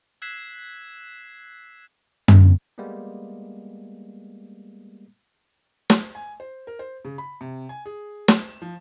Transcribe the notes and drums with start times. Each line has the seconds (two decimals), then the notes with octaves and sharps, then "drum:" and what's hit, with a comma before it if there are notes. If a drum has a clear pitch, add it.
0.22 E6 F#6 G#6 B6 C7 E7
2.28 drum: tom F#2
2.78 G3 G#3 A#3 B3
5.90 drum: snare
6.15 G#5
6.40 C5
6.67 A#4
6.79 C5
7.05 C#3
7.18 B5
7.41 C3
7.69 G#5
7.86 G#4
8.28 E7, drum: snare
8.62 F3